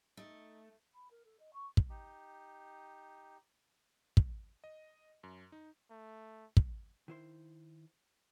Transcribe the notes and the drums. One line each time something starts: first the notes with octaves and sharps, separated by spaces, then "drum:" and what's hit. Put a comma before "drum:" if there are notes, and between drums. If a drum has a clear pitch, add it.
A3 D#4
B5
A#4
A4
D#5
C#6
drum: kick
D#4 G4
drum: kick
D#5
F#2
D#4
A3
drum: kick
D#3 E4 C5